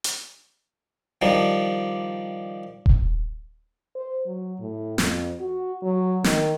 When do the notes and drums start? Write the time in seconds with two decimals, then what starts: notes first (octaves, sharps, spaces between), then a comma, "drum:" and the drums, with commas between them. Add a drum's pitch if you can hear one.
0.04 drum: hi-hat
1.21 D#3 F3 G3 D4
2.86 drum: kick D#1
3.95 C5
4.26 F#3
4.59 A2
4.98 F2, drum: snare
5.40 F#4
5.82 F#3
6.24 D#3, drum: snare